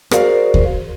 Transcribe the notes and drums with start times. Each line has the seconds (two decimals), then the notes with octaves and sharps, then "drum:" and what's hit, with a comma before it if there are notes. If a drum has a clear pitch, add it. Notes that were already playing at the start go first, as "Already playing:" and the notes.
0.11 F#4 G#4 A#4 C5 D5 F5, drum: rim click
0.54 drum: kick D#2